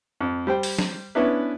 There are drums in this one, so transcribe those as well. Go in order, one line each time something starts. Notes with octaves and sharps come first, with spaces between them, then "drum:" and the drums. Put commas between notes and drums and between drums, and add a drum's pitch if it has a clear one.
F2
G3 C5 G5
drum: open hi-hat
drum: snare
B3 C#4 D4 E4 B4